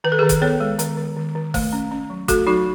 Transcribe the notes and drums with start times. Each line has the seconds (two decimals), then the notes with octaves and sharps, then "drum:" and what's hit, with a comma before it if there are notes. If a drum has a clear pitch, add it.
0.04 D#3 B4
0.12 A4
0.19 D#3 G#4 B4
0.29 drum: kick G1, hi-hat
0.42 B3 A4 C#5
0.60 G#3
0.79 D#3, drum: hi-hat
0.97 D#3
1.16 D#3
1.35 D#3
1.54 A3, drum: kick G1, open hi-hat
1.73 C#4
1.91 C#4
2.10 F#3
2.28 A3 F#4 A4, drum: kick G1, hi-hat
2.47 F#3 D#4 F#4